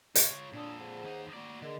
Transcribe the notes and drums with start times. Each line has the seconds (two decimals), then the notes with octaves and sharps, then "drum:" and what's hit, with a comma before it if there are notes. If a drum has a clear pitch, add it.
0.15 F4 C#5, drum: hi-hat
0.53 A#2 D4 A4 D5 D#6
0.80 G#4 C5 F#5
1.04 D#2 D#4
1.34 A#3 F#4 D5
1.62 D3 G#4 A#4 D#5